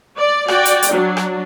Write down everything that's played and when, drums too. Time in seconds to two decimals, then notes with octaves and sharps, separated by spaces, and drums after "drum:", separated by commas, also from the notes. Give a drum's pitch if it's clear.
0.19 D5
0.48 F#4 D5 G5, drum: rim click
0.65 drum: hi-hat
0.82 drum: hi-hat
0.91 F#3 D4
1.17 drum: rim click